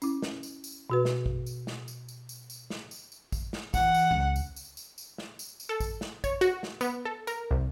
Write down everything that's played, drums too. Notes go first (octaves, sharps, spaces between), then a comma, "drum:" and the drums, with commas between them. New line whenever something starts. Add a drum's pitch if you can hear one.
C#4 E4, drum: tambourine
drum: snare
drum: tambourine
drum: tambourine
B2 F#4 B4
drum: snare
drum: kick
drum: tambourine
drum: snare
drum: tambourine
drum: tambourine
drum: tambourine
drum: tambourine
drum: snare
drum: tambourine
drum: tambourine
drum: kick, tambourine
drum: snare
E3 F#5, drum: kick, tambourine
drum: tambourine
C#2
drum: tambourine
drum: tambourine
drum: tambourine
drum: tambourine
drum: snare
drum: tambourine
drum: tambourine
A4
drum: kick, tambourine
drum: snare
C#5, drum: kick, tambourine
F#4, drum: tambourine
drum: snare
B3, drum: tambourine
A4
A#4, drum: tambourine
C2